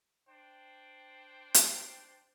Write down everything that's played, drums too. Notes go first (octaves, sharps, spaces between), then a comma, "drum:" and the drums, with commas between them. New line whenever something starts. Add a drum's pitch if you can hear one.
D4 C5 G5
drum: hi-hat